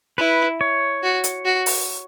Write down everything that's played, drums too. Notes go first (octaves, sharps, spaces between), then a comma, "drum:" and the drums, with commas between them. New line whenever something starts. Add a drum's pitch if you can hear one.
E4 B4
C#5
F#4
drum: hi-hat
F#4
drum: open hi-hat